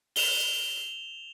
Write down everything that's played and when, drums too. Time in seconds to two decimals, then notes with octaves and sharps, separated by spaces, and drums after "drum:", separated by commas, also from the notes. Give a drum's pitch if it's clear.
0.16 E7 F7 G7, drum: open hi-hat